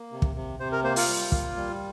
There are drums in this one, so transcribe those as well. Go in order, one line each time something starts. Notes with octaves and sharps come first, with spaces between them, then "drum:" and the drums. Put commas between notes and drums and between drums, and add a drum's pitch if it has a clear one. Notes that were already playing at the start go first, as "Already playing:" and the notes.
Already playing: A#3
C3
drum: kick
C3
C3 C5
A#4
A#3 C5
F4, drum: open hi-hat
G3
A#3, drum: kick
G3